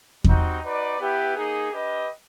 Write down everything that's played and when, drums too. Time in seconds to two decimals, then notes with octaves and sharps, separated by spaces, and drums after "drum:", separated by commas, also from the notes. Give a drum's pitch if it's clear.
0.24 G3 C4 D#4 F#4, drum: kick E2
0.62 D#4 F#4 B4 D5
0.98 B3 E4 G4 B4 E5
1.35 A#3 D#4 G#4
1.72 D4 G4 B4 D#5